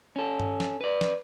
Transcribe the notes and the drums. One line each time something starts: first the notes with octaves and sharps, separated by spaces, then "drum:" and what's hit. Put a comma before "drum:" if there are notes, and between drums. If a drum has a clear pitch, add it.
C#4 A4
drum: tom G2
drum: snare
B4 D5
drum: snare